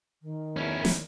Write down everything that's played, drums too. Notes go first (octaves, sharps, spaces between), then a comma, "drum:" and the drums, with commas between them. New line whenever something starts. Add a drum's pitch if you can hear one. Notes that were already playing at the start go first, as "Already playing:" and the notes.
D#3
E2 C#4 E4
drum: snare